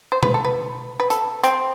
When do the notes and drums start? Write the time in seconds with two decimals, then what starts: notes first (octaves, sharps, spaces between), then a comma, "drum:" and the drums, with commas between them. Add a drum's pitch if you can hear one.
0.12 C5
0.23 B4, drum: tom B2
0.34 A4
0.45 B4
1.00 B4
1.10 A4, drum: hi-hat
1.43 C4, drum: hi-hat